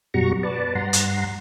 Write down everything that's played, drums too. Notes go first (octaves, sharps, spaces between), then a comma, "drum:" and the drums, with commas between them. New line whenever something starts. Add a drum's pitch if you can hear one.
F#2 B2 G3 F#4 A#5 C#6
B4 D5 A5
G2 F#5 A#5 C6
drum: hi-hat